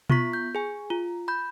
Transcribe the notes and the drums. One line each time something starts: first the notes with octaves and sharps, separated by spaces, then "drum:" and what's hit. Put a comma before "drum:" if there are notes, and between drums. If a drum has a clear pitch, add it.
B3 F4 C#6 B6, drum: tom B2
G6
G#4 G#5
F4
B5 G6